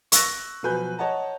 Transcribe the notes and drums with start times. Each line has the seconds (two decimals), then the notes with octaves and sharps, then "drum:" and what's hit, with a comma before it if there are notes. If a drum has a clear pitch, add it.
0.12 C#6 E6 F#6 A#6, drum: hi-hat
0.63 B2 F3 F#3 B4 G#5 G6
0.98 C#5 D#5 F#5 A5 A#5